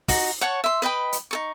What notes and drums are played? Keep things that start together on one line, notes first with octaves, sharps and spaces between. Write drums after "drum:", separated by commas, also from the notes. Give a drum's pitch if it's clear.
D#4 F#4, drum: kick, open hi-hat
C#5 F#5 A5 C#6
E5 C6
B4 D#5 G5 B5
drum: hi-hat
D#4 A4 C#6